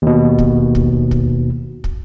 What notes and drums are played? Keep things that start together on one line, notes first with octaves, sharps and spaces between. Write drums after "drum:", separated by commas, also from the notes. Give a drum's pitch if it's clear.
D#2 B2
drum: kick
drum: kick
drum: kick
drum: kick